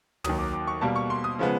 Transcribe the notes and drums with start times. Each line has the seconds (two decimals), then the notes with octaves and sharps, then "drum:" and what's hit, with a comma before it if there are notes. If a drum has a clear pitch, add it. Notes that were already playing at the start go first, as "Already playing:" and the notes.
0.24 D#2 D#3 F#3 D#6, drum: tom
0.39 D6
0.53 D6
0.67 C#6
0.81 B2 G3 A#3 A5
0.96 C#6
1.10 C6
1.24 D#6
1.39 C#3 F3 G#3 B3